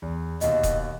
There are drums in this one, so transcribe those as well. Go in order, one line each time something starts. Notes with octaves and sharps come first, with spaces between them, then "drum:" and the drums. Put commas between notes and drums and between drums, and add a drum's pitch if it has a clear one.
E2
D#2 B2 D#5, drum: hi-hat
drum: kick D#1, hi-hat